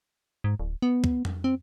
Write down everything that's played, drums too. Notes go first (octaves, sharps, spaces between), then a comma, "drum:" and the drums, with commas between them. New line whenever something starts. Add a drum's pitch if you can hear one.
G#2
D1
B3
drum: kick
drum: tom F2
C4